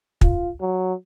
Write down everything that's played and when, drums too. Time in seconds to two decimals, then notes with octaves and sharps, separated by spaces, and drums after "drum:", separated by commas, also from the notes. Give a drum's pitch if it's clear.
0.21 F4, drum: kick
0.61 F#3